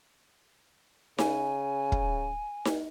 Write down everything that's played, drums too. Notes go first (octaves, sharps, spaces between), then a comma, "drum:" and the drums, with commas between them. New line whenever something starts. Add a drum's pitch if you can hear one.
C#3 G#5, drum: snare D#4
drum: kick
drum: snare D#4